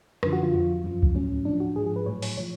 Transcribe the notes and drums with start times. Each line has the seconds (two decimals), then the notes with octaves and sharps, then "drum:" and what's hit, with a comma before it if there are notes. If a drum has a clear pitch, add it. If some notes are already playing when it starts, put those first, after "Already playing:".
0.23 F#2 D3 F3, drum: rim click
0.33 F#4
0.43 F4
0.54 F2 F3
0.84 F#2 F3
1.03 drum: kick C#2
1.15 A2 F#3 C#4
1.45 A2 F3 D4
1.60 F#4
1.76 G#2 F3 G#4
1.86 G#4
1.96 B4
2.06 A2 F#3 C#5
2.22 C#5, drum: open hi-hat
2.37 A2 F3 C#5